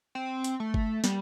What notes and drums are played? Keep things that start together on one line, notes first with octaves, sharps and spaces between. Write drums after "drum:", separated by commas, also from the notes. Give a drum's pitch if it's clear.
C4
drum: hi-hat
A3
drum: kick G1
G3, drum: snare